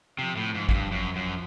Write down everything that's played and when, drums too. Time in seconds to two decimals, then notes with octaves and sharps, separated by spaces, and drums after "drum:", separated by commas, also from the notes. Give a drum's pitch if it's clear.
0.18 C3 F3
0.37 A2
0.55 G#2 F3
0.69 G#2, drum: kick
0.74 G2
0.91 F#2
1.16 F#2